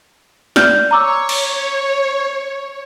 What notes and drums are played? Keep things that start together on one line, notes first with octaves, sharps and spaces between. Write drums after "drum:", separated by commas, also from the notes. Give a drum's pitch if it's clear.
D5 F6 G6, drum: snare
C#5 A#5 D6 E6
drum: cymbal